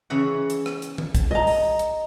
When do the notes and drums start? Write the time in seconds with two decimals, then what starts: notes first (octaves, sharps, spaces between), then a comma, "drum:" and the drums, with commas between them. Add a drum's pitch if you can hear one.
0.10 C#3 E3 F#5
0.50 drum: hi-hat
0.66 drum: rim click
0.82 drum: hi-hat
0.98 drum: tom
1.15 drum: kick, hi-hat
1.31 D#5 A#5
1.47 drum: open hi-hat
1.79 drum: hi-hat